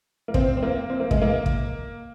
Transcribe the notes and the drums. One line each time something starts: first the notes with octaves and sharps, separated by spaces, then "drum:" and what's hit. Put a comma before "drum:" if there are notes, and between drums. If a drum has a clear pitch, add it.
A#3
C4, drum: kick
C4
A#3
C4
A#3
G#3, drum: kick
A#3
drum: kick